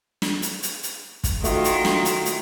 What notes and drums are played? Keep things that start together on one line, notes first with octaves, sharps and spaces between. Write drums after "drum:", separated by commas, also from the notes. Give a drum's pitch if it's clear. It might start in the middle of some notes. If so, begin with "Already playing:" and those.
drum: snare
drum: hi-hat
drum: hi-hat
drum: hi-hat
drum: kick, hi-hat
D#3 A3 F4 F#4 E5, drum: hi-hat
drum: hi-hat
drum: snare
drum: hi-hat
drum: hi-hat